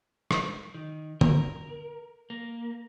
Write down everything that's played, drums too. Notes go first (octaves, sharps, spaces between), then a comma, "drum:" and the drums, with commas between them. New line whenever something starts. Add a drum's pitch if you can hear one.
drum: rim click
D#3
A#4, drum: tom
A#3